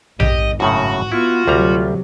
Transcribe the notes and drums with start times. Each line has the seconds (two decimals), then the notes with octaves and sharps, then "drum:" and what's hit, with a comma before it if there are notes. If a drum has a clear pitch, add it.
0.20 G#1 G4 D#5, drum: tom A#1
0.60 F#2 A2 C#3 F#4
1.12 B3 E4 F4
1.48 D2 C3 F#3 G3 A#5